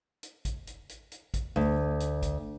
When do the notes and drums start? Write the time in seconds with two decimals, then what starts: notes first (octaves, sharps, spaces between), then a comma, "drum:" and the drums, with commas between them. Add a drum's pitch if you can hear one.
0.23 drum: hi-hat
0.45 drum: kick A1, hi-hat
0.67 drum: hi-hat
0.89 drum: hi-hat
1.12 drum: hi-hat
1.34 drum: kick A1, hi-hat
1.56 D2
2.00 drum: hi-hat
2.22 drum: kick A1, hi-hat